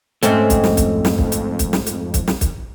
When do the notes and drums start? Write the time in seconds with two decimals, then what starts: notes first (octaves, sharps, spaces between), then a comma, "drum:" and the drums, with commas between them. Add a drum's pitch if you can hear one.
0.23 F2 G#2 A3 C4 C#4, drum: hi-hat
0.50 drum: kick, hi-hat
0.64 drum: snare
0.77 drum: kick, hi-hat
1.05 drum: snare
1.18 drum: kick
1.32 drum: hi-hat
1.59 drum: kick, hi-hat
1.73 drum: snare
1.87 drum: hi-hat
2.14 drum: kick, hi-hat
2.28 drum: snare
2.41 drum: kick, hi-hat